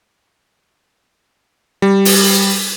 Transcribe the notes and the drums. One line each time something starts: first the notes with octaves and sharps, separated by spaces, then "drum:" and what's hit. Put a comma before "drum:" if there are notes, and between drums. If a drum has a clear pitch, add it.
G3
drum: open hi-hat